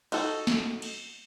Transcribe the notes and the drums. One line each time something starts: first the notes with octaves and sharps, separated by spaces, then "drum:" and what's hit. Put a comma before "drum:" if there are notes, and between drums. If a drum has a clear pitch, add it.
D#4 F#4 A4, drum: cymbal
drum: snare
drum: cymbal